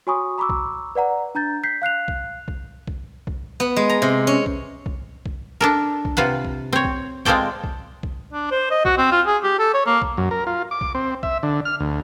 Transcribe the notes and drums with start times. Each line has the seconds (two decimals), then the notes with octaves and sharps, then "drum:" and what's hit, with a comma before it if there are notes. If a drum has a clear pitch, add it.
0.07 F#4 C#5 G#5 B5 C#6 D#6
0.38 A#5 B5 C#6 D6 E6
0.49 drum: kick B1
0.95 B4 D5 F#5 A#5
1.35 D4 A#5 G6 A6
1.64 G6 B6 C7
1.82 F5 F#6 C7 F7
2.08 drum: kick B1
2.48 drum: kick B1
2.87 drum: kick B1
3.27 drum: kick B1
3.60 B3
3.76 G#3
3.89 A#5
4.02 C3
4.27 C#4
4.46 drum: kick B1
4.86 drum: kick B1
5.26 drum: kick B1
5.61 D4 A4 A#4
6.05 drum: kick B1
6.17 C3 F4 B4 F#5
6.45 drum: kick B1
6.73 C4 C#5
6.84 drum: kick B1
7.25 G#3 C4 F4 A4 D5 G5, drum: kick B1
7.64 drum: kick B1
8.03 drum: kick B1
8.33 D4
8.51 C5
8.71 D#5
8.85 F#4, drum: kick B1
8.98 C4
9.12 F4
9.26 G#4
9.43 G4
9.59 A4
9.74 C#5
9.86 A#3
10.02 drum: kick B1
10.17 F#2
10.31 A#4
10.47 F4
10.71 D6
10.81 drum: kick B1
10.95 C4
11.23 E5, drum: kick B1
11.43 D3
11.65 F6
11.80 D2